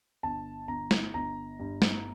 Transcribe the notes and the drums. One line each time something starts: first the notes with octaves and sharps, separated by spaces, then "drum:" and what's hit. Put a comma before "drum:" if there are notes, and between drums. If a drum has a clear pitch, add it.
G1 A5
G1 A#5
drum: snare
G1 A#5
G2
drum: snare